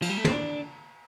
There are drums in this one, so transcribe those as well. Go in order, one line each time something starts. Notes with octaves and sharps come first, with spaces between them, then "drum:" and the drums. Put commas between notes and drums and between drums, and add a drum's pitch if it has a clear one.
F3, drum: cymbal
G3
A3
C4, drum: tom
D4